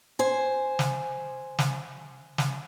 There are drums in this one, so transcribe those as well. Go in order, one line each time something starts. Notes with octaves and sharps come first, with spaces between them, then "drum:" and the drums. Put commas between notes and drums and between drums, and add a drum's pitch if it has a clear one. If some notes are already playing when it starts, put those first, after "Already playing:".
C5 G#5
drum: snare
drum: snare
drum: snare